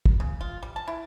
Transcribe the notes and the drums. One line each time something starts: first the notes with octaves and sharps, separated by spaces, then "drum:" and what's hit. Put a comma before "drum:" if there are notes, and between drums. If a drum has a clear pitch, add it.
drum: kick
C#3
F4
G3
A5
E4